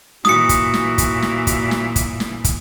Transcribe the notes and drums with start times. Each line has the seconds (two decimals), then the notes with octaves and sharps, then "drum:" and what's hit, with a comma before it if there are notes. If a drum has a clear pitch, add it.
0.25 A#2 E3 F#4 D#6 C#7, drum: snare
0.49 drum: kick, hi-hat
0.74 drum: snare
0.98 drum: kick, hi-hat
1.22 drum: snare
1.47 drum: kick, hi-hat
1.71 drum: snare
1.96 drum: kick, hi-hat
2.20 drum: snare
2.44 drum: kick, hi-hat